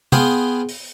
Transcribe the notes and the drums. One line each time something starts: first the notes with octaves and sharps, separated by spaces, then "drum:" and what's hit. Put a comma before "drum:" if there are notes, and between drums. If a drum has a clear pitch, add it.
B3 G#4 F5 G5 C6, drum: tom C3
drum: open hi-hat